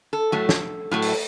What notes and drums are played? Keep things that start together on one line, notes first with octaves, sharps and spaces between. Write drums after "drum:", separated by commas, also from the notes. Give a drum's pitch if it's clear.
A4
A2 F#3 A3
drum: snare
A2 F#3 A3
drum: open hi-hat